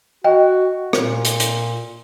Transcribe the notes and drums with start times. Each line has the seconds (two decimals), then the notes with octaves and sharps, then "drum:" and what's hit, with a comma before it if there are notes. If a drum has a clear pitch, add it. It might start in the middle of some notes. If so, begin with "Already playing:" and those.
0.24 F#4 D#5 G5
0.93 A#2, drum: rim click
1.25 drum: hi-hat
1.40 drum: hi-hat